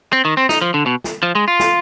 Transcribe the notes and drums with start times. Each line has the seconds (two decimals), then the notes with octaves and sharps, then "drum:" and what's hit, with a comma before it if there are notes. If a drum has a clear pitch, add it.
0.13 C4
0.25 D#3
0.37 C4
0.49 D#4, drum: snare
0.61 F3
0.74 D3
0.86 B2
1.04 drum: snare
1.23 F3
1.35 G#3
1.48 F4
1.60 drum: snare